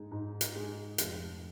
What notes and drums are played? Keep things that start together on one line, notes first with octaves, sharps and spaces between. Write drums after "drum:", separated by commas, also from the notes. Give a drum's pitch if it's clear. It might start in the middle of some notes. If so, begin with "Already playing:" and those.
Already playing: G#2 G#3 D#4 G#4
G#2
drum: hi-hat
G#3 D#4 G#4
F1, drum: hi-hat